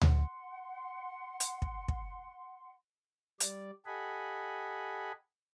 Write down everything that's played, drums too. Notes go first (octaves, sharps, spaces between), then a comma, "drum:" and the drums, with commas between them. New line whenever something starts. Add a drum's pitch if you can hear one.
F#5 C6, drum: tom D2
drum: hi-hat
drum: kick
drum: kick
G3 D5, drum: hi-hat
G4 A4 D#5 F#5 G#5 B5